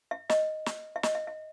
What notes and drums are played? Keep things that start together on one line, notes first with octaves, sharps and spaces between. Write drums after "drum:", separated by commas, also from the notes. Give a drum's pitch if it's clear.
E5
D#5, drum: snare
drum: snare
E5
D#5, drum: snare
E5
E5